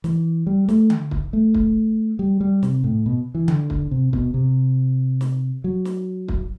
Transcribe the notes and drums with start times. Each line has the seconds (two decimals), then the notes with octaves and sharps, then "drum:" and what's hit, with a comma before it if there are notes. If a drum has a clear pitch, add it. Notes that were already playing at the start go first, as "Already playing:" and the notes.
0.04 E3, drum: snare
0.47 G3
0.69 A3, drum: snare
0.90 drum: tom D3
1.11 drum: kick
1.33 A3
1.54 drum: kick
2.19 G3
2.41 G3
2.63 C3, drum: snare
2.84 A2
3.06 B2
3.35 E3
3.48 D3, drum: tom D3
3.70 drum: kick
3.91 C3
4.13 B2, drum: kick
4.34 C3
5.21 drum: snare
5.64 F#3
5.85 drum: snare
6.28 drum: kick